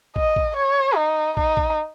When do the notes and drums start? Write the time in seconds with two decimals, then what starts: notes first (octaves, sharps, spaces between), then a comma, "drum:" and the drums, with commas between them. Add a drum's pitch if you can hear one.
0.16 D#5, drum: kick
0.36 drum: kick
0.57 C#5
0.96 D#4
1.37 D#4, drum: kick
1.57 drum: kick